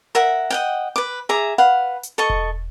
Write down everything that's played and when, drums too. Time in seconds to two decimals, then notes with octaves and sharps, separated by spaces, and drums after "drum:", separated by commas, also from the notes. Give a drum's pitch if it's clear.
0.15 A#4 E5 F#5
0.50 D#5 F#5 G5
0.96 B4 D6
1.29 G#4 E5 A#5 D6
1.58 B4 F5 F#5
2.03 drum: hi-hat
2.18 A4 D#5 C#6
2.30 drum: kick E1